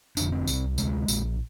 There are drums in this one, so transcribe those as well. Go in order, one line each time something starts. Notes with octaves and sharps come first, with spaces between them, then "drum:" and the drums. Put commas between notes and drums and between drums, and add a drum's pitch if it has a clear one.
F1 F2 D3 D4, drum: tambourine
C4
C2 C3, drum: tambourine
D2 C3 G#3, drum: tambourine
A#1 A#2, drum: tambourine